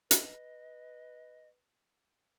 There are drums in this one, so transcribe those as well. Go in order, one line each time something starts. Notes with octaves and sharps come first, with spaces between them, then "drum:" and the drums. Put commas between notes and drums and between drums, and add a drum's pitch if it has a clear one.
B4 D#5, drum: hi-hat